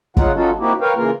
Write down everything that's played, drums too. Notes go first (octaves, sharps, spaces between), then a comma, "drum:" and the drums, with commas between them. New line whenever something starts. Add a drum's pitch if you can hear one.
C#3 F#3 D#4 F4 F#5, drum: kick
F#3 C#4 D#4 F4 F#4 A4
A#3 C4 D#4 E4 F#4 G4
A#4 B4 C#5 F5 G5
C#3 E3 A#3 F4 A#4